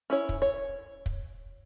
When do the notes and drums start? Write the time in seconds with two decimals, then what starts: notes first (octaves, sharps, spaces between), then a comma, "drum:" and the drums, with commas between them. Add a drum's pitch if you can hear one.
0.10 C#4 E4 C#5
0.29 drum: kick
0.42 C#5
1.06 drum: kick